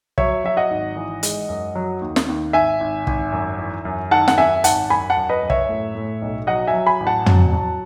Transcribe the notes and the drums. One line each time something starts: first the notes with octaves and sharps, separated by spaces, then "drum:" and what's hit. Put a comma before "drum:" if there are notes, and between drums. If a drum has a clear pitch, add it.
F#3 C#5 E5, drum: kick
F#3 E5
D#5 F#5
G#1
E3
G#3, drum: hi-hat
F#2
F#3
D#2
drum: snare
D#2
G#1 E5 G#5
G#1
G#1, drum: kick
F#2
E3
F#2
D#3 F#5 A5
F#5, drum: snare
F#2 E5 G#5
G#1 F#5 A5, drum: hi-hat
F#2 G#5 B5
F#5 A5
F#2
B4 D#5
F#2
C#5 E5, drum: kick
A2
A2
B1
F#3 D#5 F#5
E5 G#5
F#3
G#5 B5
A1
F#5 A5
F#3, drum: tom
F#3